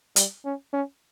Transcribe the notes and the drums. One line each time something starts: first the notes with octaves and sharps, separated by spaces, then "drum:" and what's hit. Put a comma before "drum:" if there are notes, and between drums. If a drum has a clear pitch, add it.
G3, drum: hi-hat
C#4
C#4